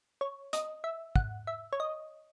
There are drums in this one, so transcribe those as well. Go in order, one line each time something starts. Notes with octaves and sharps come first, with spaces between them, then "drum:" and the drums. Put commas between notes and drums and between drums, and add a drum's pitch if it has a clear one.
C#5
D#5, drum: hi-hat
E5
F#5, drum: kick
E5
C#5
D#5